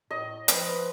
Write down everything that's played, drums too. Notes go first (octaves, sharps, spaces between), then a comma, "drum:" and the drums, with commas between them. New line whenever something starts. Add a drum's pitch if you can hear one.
A2 D#5
F3 B4, drum: hi-hat